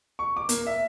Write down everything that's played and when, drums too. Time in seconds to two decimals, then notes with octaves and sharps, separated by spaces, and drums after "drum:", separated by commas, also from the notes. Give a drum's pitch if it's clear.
0.19 C#6
0.37 D6
0.49 A#3, drum: hi-hat
0.67 E5